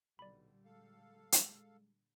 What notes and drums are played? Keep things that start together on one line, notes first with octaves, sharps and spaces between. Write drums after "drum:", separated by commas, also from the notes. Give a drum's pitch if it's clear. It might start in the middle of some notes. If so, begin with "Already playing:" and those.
B1 A#2 D3 G3 D5 B5
G#3 A4 F5
G#3, drum: hi-hat